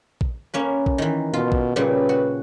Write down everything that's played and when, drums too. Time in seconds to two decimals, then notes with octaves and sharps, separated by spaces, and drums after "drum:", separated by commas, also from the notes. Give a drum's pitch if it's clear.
0.21 drum: kick
0.54 A#3 C#4 B4
0.86 drum: kick
0.98 D#3 E3
1.34 B2 F4
1.52 drum: kick
1.76 A#2 C#3 G3 B4
2.09 F#4